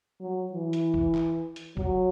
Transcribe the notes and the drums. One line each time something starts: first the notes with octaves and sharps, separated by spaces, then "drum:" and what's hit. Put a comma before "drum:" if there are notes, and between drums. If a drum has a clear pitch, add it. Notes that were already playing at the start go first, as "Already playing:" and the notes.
F#3
E3
drum: hi-hat
drum: kick F1
drum: clap
drum: hi-hat
F#3, drum: kick F1